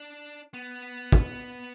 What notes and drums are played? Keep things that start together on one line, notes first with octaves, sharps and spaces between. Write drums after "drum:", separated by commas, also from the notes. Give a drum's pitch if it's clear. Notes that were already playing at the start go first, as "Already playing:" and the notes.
Already playing: D4
B3
drum: kick